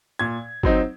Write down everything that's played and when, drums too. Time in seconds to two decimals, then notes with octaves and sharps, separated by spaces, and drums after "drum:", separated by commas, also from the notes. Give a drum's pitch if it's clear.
0.19 A#2 G#6
0.63 F#3 C4 D#4, drum: kick G1